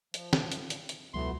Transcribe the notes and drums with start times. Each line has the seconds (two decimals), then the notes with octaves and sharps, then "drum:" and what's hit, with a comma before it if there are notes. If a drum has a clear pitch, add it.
0.14 F3, drum: hi-hat
0.33 drum: snare
0.52 drum: hi-hat
0.70 drum: hi-hat
0.89 drum: hi-hat
1.14 E1 C#2 E3 F#3 A3 B3 C6